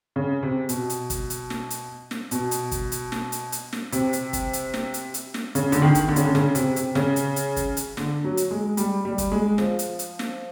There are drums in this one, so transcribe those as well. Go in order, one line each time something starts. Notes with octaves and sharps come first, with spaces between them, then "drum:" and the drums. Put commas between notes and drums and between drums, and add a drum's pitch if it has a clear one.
C#3
C3
B2, drum: hi-hat
drum: hi-hat
drum: kick, hi-hat
drum: hi-hat
drum: snare
drum: hi-hat
drum: snare
B2, drum: hi-hat
drum: hi-hat
drum: kick, hi-hat
drum: hi-hat
drum: snare
drum: hi-hat
drum: hi-hat
drum: snare
C3, drum: hi-hat
drum: hi-hat
drum: kick, hi-hat
drum: hi-hat
drum: snare
drum: hi-hat
drum: hi-hat
drum: snare
C#3, drum: hi-hat
D3, drum: hi-hat
D#3
drum: kick, hi-hat
D3
C#3, drum: hi-hat
D3
C#3, drum: snare
C3, drum: hi-hat
C3, drum: hi-hat
C#3, drum: snare
drum: hi-hat
drum: hi-hat
drum: kick, hi-hat
drum: hi-hat
D3, drum: snare
F#3
drum: hi-hat
G#3
G3, drum: hi-hat
G3
drum: kick, hi-hat
G#3
F3, drum: snare
drum: hi-hat
drum: hi-hat
drum: snare